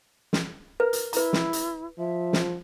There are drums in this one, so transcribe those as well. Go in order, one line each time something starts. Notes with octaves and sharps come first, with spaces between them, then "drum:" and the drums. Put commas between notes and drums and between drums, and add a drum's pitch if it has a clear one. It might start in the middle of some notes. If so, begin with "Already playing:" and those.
drum: snare
A#4 B4
drum: hi-hat
E4 B4 A#5, drum: hi-hat
drum: snare
drum: hi-hat
F3 E5
drum: snare